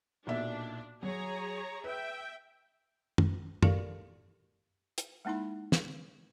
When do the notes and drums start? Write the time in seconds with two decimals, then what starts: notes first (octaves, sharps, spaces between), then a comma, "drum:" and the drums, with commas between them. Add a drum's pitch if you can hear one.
0.27 B1 A#2 D4 E5
1.03 F#3 G#4 C#5 A#5
1.84 B4 E5 G5
3.18 drum: tom
3.63 G4 A4 A#4 D5 F5 C#6, drum: tom
4.98 drum: hi-hat
5.25 G#3 A#3 D#4 E4 B5
5.72 drum: snare